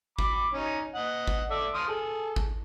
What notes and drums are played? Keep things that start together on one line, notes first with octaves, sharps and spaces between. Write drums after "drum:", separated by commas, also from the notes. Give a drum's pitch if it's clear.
B5 D6, drum: kick G#1
C#4 D#4
D#5 F#5
drum: kick G#1
A4 D5 E5
C6 D#6 F6
G#4 A4
drum: kick G#1